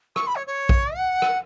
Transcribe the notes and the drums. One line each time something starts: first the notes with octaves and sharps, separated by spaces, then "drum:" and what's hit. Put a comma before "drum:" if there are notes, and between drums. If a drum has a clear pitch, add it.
C#6, drum: rim click
B5
C#5
C#5
drum: kick A#1
F#5
drum: rim click